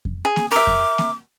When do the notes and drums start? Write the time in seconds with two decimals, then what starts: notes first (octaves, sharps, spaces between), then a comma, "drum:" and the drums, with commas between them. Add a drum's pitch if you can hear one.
0.05 drum: kick F2
0.25 G#4
0.36 drum: snare A#3
0.52 A#4 E5 D6
0.67 drum: kick F2
0.98 drum: snare A#3